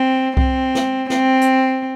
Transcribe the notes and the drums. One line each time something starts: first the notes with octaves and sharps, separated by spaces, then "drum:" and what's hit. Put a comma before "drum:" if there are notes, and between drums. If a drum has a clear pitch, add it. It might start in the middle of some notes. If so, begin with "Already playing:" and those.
Already playing: C4
C4, drum: kick C2
drum: snare
C4, drum: snare
drum: hi-hat